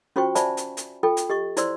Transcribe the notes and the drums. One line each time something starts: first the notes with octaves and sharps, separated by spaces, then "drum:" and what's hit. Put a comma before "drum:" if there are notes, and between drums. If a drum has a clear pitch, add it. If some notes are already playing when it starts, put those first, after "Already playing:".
C#4 F4 F#4 C5 G5 C#6
C5 D5 E5 G#5 A5 B5, drum: hi-hat
drum: hi-hat
drum: hi-hat
F4 A4 G5
drum: hi-hat
G4 D#5 C#6
E4 C5 D5 C6 E6, drum: hi-hat